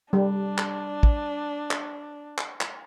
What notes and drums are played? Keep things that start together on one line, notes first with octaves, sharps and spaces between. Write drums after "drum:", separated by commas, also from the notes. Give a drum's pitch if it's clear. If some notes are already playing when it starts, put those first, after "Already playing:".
G3 D4
drum: clap
drum: kick
drum: clap
drum: clap
drum: clap